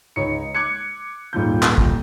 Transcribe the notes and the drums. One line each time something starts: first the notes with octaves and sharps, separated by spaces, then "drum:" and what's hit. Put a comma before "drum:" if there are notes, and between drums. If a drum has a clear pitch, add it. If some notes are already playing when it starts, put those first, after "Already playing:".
C#2 D#4 C#5 C#7
D6 F#6 G#6 C#7
D#1 G#2 F3 G6
drum: clap
drum: kick